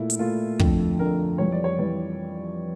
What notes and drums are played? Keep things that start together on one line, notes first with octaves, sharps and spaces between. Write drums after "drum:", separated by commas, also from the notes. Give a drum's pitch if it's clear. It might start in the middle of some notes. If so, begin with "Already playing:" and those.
Already playing: A#2 A3 E4
drum: hi-hat
A#2 A3 F4
F2 D3 A3, drum: kick
F2 D3 A3 A#4
F2 E3 G3 C#5
D5
C#5
E3 G3 C#5